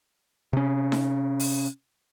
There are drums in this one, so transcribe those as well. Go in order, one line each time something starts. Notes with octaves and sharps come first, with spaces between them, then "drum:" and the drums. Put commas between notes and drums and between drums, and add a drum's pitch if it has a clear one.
C3 C#4
drum: snare D#4
drum: open hi-hat